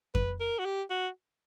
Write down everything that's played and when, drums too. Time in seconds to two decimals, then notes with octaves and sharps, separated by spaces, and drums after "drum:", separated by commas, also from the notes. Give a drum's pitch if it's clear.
0.15 B4, drum: kick F2
0.40 A#4
0.59 F#4
0.65 G4
0.90 F#4